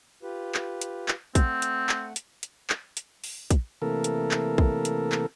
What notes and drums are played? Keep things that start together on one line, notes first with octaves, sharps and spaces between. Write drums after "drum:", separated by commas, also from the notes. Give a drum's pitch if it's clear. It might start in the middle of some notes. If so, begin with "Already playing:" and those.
F4 G4 B4
drum: clap
drum: hi-hat
drum: clap
A3 C4 F#5, drum: kick, hi-hat
drum: hi-hat
drum: clap
drum: hi-hat
drum: hi-hat
drum: clap
drum: hi-hat
drum: open hi-hat
drum: kick, hi-hat
C3 E3 A3 A#3 A4 A#4
drum: hi-hat
drum: clap
drum: kick
drum: hi-hat
drum: clap